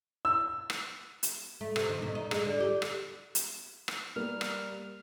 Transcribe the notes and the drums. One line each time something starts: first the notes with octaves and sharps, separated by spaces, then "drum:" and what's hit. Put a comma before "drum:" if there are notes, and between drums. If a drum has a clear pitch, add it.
E6
drum: rim click
drum: hi-hat
A3
C3, drum: rim click
D#3
B2
D#4
G#3, drum: rim click
D3
G4
drum: rim click
drum: hi-hat
drum: rim click
G3 A#3 F6
drum: rim click